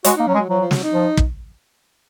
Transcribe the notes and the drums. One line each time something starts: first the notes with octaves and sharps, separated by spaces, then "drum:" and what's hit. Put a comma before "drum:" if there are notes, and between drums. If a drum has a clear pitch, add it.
G#3 F#4, drum: hi-hat
A#3 D#4
F#3 C#4
G#3
F#3
F3 F#3
F3
F#3, drum: snare
D#4
F3
drum: kick